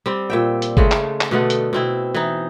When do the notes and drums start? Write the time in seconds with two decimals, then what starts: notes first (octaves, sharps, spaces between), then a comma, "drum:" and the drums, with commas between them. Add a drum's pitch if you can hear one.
0.06 G3 C4
0.30 A#2 E5 G5
0.62 drum: hi-hat
0.77 C#3 G#3 A3, drum: kick G1
0.91 drum: clap
1.21 drum: clap
1.31 B2 D3 A3 B3
1.50 drum: hi-hat
1.73 B2 C4 E4
2.15 E3 D#4